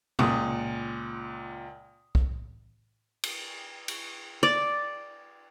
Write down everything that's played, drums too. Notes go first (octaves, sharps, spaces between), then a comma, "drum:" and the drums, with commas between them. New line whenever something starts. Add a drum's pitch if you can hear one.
C#2 A#2 D#6, drum: tom
drum: kick
drum: cymbal
drum: cymbal
D5